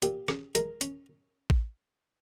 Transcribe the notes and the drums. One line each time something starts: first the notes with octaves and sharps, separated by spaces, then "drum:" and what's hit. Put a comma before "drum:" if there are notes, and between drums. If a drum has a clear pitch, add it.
A#2 G4, drum: hi-hat
C#4 G#4, drum: rim click
G#3 A#4, drum: hi-hat
C#4, drum: hi-hat
drum: kick A1